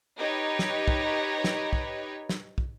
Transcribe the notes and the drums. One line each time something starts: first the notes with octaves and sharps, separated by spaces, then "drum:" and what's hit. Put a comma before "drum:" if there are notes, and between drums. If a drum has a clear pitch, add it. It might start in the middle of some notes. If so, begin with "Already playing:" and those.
D#4 G4 B4 C#5
drum: snare
drum: kick
drum: snare
drum: kick
drum: snare
drum: kick